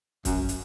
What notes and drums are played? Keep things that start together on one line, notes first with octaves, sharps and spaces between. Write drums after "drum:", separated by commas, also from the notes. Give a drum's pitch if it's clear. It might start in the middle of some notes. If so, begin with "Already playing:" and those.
F#2, drum: kick, hi-hat
drum: hi-hat